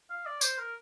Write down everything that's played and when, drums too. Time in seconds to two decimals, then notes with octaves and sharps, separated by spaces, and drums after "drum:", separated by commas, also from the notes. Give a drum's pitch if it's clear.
0.10 F5
0.26 D5
0.41 C5, drum: tambourine
0.58 A#4